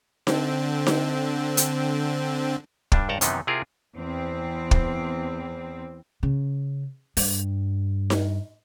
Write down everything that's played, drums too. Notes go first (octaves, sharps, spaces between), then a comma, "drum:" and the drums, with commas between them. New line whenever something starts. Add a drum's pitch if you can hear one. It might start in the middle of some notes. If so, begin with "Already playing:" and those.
D3 C4, drum: snare D#4
drum: snare D#4
drum: hi-hat
G2 G3 D4, drum: kick
C#2 G2 F#5 G5 A5 A#5
F#2 C3 D#3 E3 B3 D#4, drum: hi-hat
C3 C4 E4 F4 G#4 A#4
E2 C4
drum: kick
C#3
G2, drum: open hi-hat
drum: snare D#4